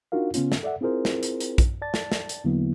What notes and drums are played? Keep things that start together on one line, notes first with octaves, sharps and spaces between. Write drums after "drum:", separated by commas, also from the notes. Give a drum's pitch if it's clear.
D4 D#4 F4 F#4 A#4 F5
C#3 B3 C#4 F4, drum: hi-hat
drum: snare
A4 D5 E5 F#5
C4 E4 F4 G#4 A#4 C5
drum: snare
drum: hi-hat
drum: hi-hat
drum: kick A#1, hi-hat
D5 A5 A6
drum: snare
drum: snare
drum: hi-hat
E2 D3 F#3 A#3 B3 E4